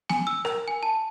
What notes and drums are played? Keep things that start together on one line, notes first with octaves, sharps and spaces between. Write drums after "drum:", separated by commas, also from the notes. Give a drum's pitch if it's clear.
G#5, drum: snare
E6
A#4, drum: rim click
G#5
A5